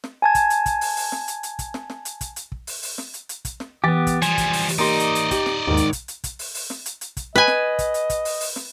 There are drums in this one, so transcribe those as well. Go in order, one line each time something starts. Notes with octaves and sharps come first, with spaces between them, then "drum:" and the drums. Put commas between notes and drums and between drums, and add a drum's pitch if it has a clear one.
drum: snare
G#5 A5 G#6
drum: kick, hi-hat
drum: hi-hat
drum: kick, hi-hat
drum: open hi-hat
drum: open hi-hat
drum: snare
drum: hi-hat
drum: hi-hat
drum: kick, hi-hat
drum: snare
drum: snare
drum: hi-hat
drum: kick, hi-hat
drum: hi-hat
drum: kick
drum: open hi-hat
drum: open hi-hat
drum: snare
drum: hi-hat
drum: hi-hat
drum: kick, hi-hat
drum: snare
E3 B3 G4 A6
drum: kick, hi-hat
F3 G3 G#5, drum: hi-hat
drum: kick, hi-hat
drum: open hi-hat
drum: open hi-hat
A#3 D#4 G4 D5 D#5 C6
drum: hi-hat
drum: hi-hat
G4, drum: kick, hi-hat
drum: snare
D#2 G#2 D#3
drum: hi-hat
drum: kick, hi-hat
drum: hi-hat
drum: kick, hi-hat
drum: open hi-hat
drum: open hi-hat
drum: snare
drum: hi-hat
drum: hi-hat
drum: kick, hi-hat
B4 D#5 G#5
drum: snare
drum: kick, hi-hat
drum: hi-hat
drum: kick, hi-hat
drum: open hi-hat
drum: open hi-hat
drum: snare